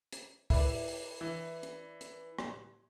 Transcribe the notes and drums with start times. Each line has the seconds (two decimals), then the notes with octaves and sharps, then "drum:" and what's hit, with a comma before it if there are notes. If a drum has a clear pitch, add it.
0.12 drum: hi-hat
0.50 E4 B4 D5, drum: kick, open hi-hat
0.88 drum: open hi-hat
1.21 E3
1.63 drum: hi-hat
2.01 drum: hi-hat
2.39 drum: rim click